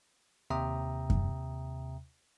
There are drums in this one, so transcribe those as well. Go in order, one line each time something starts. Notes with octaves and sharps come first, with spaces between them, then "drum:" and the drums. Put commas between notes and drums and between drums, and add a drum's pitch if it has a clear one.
D#2 C3 E5 G5 A#5 D#6
drum: kick F#2